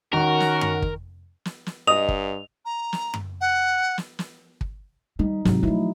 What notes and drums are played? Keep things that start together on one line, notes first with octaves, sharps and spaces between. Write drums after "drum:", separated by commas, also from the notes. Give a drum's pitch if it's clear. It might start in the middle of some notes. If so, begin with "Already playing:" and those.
D#3 C#4 F#4 A#4
drum: snare
drum: tom F#2
drum: kick
drum: snare
drum: snare
G2 D#5 D#6 F7
drum: kick
A#5
drum: snare
drum: tom F#2
F#5
drum: snare
drum: snare
drum: kick
G3 D#4
G#2 C3 F#3, drum: snare
F3 A3 D#4 E4